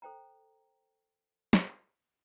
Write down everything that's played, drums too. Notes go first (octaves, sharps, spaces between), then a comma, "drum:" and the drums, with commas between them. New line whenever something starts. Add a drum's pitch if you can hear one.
A4 C5 G5 A#5
drum: snare